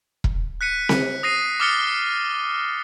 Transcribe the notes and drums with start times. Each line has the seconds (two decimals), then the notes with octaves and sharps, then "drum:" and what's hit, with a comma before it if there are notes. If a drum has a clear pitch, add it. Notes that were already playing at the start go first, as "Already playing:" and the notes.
0.24 drum: kick E1
0.61 F#6 B6 C#7 D#7
0.89 drum: snare C4
1.23 D#6 A#6 C7 D#7
1.60 D6 D#6 F6 A6 C#7 G7